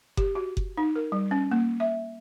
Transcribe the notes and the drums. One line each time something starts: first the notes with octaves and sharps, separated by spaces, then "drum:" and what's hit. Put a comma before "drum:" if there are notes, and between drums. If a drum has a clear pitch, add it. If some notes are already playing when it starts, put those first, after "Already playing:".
G4, drum: kick F#1
F#4
drum: kick F#1
D#4
A#4
G3
C#4
A#3
E5